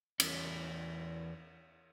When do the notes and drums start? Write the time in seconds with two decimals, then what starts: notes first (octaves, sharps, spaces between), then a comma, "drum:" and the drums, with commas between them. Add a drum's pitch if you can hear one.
0.20 E2 C#4, drum: cymbal